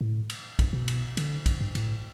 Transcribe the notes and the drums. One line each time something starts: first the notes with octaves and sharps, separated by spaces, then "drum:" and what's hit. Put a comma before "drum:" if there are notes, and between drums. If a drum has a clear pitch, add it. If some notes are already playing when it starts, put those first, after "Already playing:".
A2
drum: cymbal
G2, drum: kick, cymbal
B2
drum: cymbal
D3, drum: cymbal
G2, drum: kick, cymbal
G2
A2, drum: cymbal